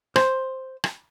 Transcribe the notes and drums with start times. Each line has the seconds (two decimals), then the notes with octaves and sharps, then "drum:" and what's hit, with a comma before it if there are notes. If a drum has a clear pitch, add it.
0.16 C5, drum: rim click
0.84 drum: rim click